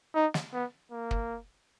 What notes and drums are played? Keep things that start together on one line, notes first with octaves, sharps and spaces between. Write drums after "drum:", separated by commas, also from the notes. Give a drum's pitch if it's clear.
D#4
drum: snare
B3
A#3
drum: kick